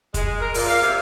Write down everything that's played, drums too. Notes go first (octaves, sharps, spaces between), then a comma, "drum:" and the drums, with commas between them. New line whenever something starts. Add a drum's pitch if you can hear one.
G#3, drum: kick, hi-hat
A#4
A#2, drum: open hi-hat
F5
C3